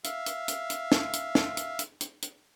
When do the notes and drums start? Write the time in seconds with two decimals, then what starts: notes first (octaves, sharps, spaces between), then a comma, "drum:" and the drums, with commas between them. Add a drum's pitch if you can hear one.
0.04 E5 F5, drum: hi-hat
0.26 drum: hi-hat
0.48 drum: hi-hat
0.70 drum: hi-hat
0.92 drum: snare
1.13 drum: hi-hat
1.35 drum: snare
1.57 drum: hi-hat
1.79 drum: hi-hat
2.01 drum: hi-hat
2.22 drum: hi-hat